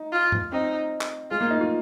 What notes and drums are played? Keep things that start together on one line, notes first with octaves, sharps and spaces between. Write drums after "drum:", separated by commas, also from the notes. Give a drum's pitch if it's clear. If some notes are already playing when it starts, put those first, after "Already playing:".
Already playing: D#4
F4
drum: tom G2
C4 D#4
drum: clap
G#3 F4
A#3
D#4
F4